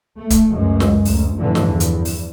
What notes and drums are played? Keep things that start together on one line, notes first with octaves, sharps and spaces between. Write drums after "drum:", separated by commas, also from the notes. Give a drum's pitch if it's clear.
A3
drum: kick C#1, hi-hat
C#2 F#2 G#3
drum: snare
D2, drum: open hi-hat
G1 A2 D3 E3 F3
drum: snare
E2
drum: hi-hat
drum: open hi-hat